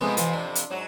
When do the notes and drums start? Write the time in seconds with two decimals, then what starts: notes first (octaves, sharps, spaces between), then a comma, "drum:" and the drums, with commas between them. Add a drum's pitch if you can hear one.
0.01 F2 C3 F3 G#3 A3 B3
0.17 E3 F4, drum: hi-hat
0.33 D4
0.55 drum: hi-hat
0.70 G#2 F#3 F#4